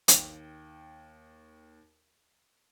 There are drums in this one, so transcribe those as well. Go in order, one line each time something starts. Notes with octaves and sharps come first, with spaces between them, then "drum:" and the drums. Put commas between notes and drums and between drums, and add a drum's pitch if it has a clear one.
D#2 G5, drum: hi-hat